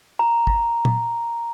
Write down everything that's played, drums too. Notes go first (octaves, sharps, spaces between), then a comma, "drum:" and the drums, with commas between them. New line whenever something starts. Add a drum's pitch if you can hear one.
A#5
drum: kick G#1
drum: tom A#2